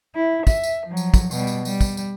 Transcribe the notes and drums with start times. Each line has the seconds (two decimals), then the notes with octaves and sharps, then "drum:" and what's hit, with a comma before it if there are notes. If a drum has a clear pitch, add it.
0.15 E4
0.47 E5, drum: kick, tambourine
0.63 drum: tambourine
0.87 F3 F#3
0.97 drum: tambourine
1.14 drum: kick, tambourine
1.31 B2 G3, drum: tambourine
1.47 drum: tambourine
1.65 G3, drum: tambourine
1.81 drum: kick, tambourine
1.97 drum: tambourine